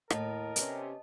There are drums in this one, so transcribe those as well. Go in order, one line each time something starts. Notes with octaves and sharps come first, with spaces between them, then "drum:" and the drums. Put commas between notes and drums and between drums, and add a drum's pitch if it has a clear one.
D#2 A2 A#4 D#5 A5, drum: rim click
C3 B3 C#4 G4 D5, drum: hi-hat